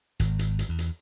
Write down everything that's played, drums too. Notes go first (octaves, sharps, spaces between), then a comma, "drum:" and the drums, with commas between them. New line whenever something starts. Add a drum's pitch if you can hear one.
G#1, drum: hi-hat
drum: hi-hat
drum: hi-hat
E2
drum: hi-hat